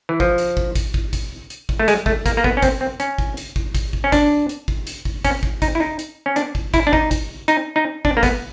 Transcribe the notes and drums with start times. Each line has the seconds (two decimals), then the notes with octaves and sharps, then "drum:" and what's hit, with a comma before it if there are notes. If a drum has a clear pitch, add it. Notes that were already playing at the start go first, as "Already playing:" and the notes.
0.09 E3
0.20 F3, drum: kick
0.38 drum: hi-hat
0.57 drum: kick
0.75 drum: kick, hi-hat
0.94 drum: kick
1.13 drum: kick, hi-hat
1.50 drum: hi-hat
1.69 drum: kick
1.79 A3
1.88 G#3, drum: hi-hat
2.06 A3, drum: kick
2.26 A#3, drum: kick, hi-hat
2.37 A#3
2.44 B3, drum: kick
2.57 C#4
2.62 C4, drum: kick, hi-hat
2.81 C4
3.00 C#4, drum: hi-hat
3.18 drum: kick
3.37 drum: hi-hat
3.56 drum: kick
3.75 drum: kick, hi-hat
3.93 drum: kick
4.04 C#4
4.12 D4, drum: kick, hi-hat
4.49 drum: hi-hat
4.68 drum: kick
4.87 drum: hi-hat
5.05 drum: kick
5.25 C#4, drum: kick, hi-hat
5.43 drum: kick
5.62 D#4, drum: kick, hi-hat
5.75 E4
5.80 D#4
5.99 drum: hi-hat
6.26 C#4
6.36 D4, drum: hi-hat
6.55 drum: kick
6.74 E4, drum: kick, hi-hat
6.87 D4
6.93 D#4, drum: kick
7.11 drum: kick, hi-hat
7.48 D#4, drum: hi-hat
7.76 D#4
8.05 D4, drum: kick
8.17 A#3
8.23 B3, drum: kick, hi-hat